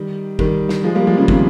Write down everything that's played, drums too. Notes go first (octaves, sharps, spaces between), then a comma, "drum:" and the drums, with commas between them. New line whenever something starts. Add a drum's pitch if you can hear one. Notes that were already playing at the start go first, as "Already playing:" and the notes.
Already playing: D#3 G3
D#3 G3, drum: kick
drum: snare
F3 G#3
G3 A#3
F3 G#3
C#3 F3
C3 D#3, drum: kick